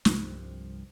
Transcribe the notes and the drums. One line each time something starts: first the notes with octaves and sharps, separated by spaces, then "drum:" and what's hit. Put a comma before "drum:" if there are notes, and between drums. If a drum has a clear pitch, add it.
C2 G2 C3 F3, drum: snare